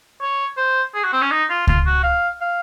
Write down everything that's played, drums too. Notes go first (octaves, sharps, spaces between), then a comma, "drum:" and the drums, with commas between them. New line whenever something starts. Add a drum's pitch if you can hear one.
C#5
C5
G#4
F#4
C4
C#4
D#4
F4
F4, drum: kick C#2
F#4
F5
F5